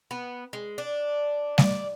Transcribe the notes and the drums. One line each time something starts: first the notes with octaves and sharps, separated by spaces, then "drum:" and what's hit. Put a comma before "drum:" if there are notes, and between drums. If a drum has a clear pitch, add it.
B3
G#3
D4
D5, drum: snare G3